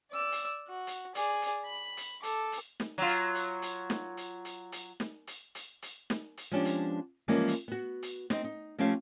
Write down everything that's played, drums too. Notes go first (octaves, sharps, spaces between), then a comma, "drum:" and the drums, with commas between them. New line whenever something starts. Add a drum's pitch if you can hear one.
D5 E6
drum: hi-hat
F#4
drum: hi-hat
G#4 D5, drum: hi-hat
drum: hi-hat
B5
drum: hi-hat
A4 D6, drum: hi-hat
drum: hi-hat
drum: snare
F#3 F4
drum: hi-hat
drum: hi-hat
drum: hi-hat
drum: snare
drum: hi-hat
drum: hi-hat
drum: hi-hat
drum: snare
drum: hi-hat
drum: hi-hat
drum: hi-hat
drum: snare
drum: hi-hat
F3 G#3 B3 C#4 D4 G4
drum: hi-hat
E3 F3 G3 G#3 A#3 C#4
drum: hi-hat
B3 F#4
drum: hi-hat
C4 D#4, drum: snare
D#4
F3 A3 C4 C#4 G4 F5